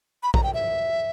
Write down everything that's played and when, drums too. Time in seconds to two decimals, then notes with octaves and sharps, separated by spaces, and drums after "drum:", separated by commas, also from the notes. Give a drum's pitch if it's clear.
0.23 B5
0.34 A#5, drum: kick A#1
0.43 G5
0.54 E5